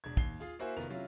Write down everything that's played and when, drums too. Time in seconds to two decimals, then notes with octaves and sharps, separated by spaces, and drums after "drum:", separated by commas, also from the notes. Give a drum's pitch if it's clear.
0.04 E1 D4 G#6
0.17 D#2 C7 G7, drum: kick
0.40 F4 G#4 F5
0.59 A#3 E4 F#4 C5 E5 G#5
0.77 F1 D#3 B3 F4 A#4 F7
0.90 C3 F#3 C#4 E4 F4